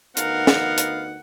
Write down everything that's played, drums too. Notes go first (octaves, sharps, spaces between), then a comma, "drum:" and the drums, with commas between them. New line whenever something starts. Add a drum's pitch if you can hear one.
D2 B3 D#4 A#4 F5 F#5, drum: hi-hat
drum: snare
drum: hi-hat